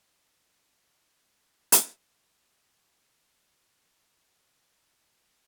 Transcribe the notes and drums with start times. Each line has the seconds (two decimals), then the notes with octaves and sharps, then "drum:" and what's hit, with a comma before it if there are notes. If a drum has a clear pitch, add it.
0.20 D6 E6
1.72 drum: hi-hat
2.66 F#5
3.01 D#5
3.62 E6
3.93 F#5
4.18 E5
4.45 A5
4.77 G#6
5.21 G6